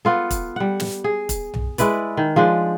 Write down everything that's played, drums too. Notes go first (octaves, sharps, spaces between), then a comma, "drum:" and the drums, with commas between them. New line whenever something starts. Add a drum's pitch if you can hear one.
B3 F4 A4
drum: kick, hi-hat
G3 F#5
drum: snare
G#4
drum: kick, hi-hat
drum: tom B1
G#3 E4 B4 D5, drum: hi-hat
D#3
F3 G#3 D4